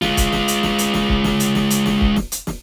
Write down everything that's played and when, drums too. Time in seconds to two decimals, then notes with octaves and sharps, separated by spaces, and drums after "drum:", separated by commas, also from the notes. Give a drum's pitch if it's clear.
0.02 G#3 F4, drum: snare
0.17 drum: kick C#1, hi-hat
0.32 drum: snare
0.48 drum: hi-hat
0.63 drum: snare
0.78 drum: hi-hat
0.94 drum: snare
1.09 drum: kick C#1
1.24 drum: snare
1.40 drum: hi-hat
1.55 drum: snare
1.70 drum: hi-hat
1.86 drum: snare
2.01 drum: kick C#1
2.16 drum: snare
2.32 drum: hi-hat
2.47 drum: snare